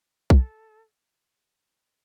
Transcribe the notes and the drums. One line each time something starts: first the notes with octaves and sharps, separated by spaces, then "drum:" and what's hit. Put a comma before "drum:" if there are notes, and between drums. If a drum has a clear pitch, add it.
A4, drum: kick B1